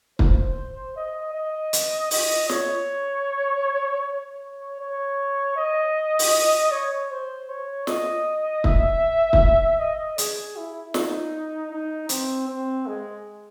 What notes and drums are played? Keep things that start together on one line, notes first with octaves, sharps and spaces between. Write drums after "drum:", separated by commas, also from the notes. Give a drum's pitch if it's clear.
C5, drum: kick
D#5
D#5
drum: hi-hat
D#5, drum: open hi-hat
C#5, drum: snare
C#5
C#5
D#5
drum: open hi-hat
C#5
C5
C#5
D#5, drum: snare
E5, drum: kick
drum: kick
D#5
G#4, drum: hi-hat
E4
D#4, drum: snare
D#4
C4, drum: hi-hat
C4
G#3